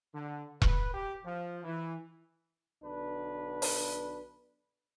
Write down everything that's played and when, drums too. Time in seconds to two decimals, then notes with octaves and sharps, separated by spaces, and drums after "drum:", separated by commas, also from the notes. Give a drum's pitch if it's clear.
0.15 D3
0.62 B4, drum: kick E1
0.93 G4
1.24 F3
1.64 E3
2.84 B1 D3 D4 B4
3.62 drum: open hi-hat